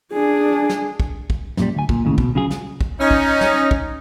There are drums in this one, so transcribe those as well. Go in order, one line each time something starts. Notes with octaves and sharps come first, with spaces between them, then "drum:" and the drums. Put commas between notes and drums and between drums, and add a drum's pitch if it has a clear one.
D4 G#4
drum: snare
drum: kick
drum: kick
F#2 A#2 G3, drum: snare
D2 G#5
A#2, drum: kick
D#2 A2 C#3
B2, drum: kick
C#3 F#3 F4 G#4
drum: snare
drum: kick
C#4 D#4
drum: kick
drum: snare
drum: kick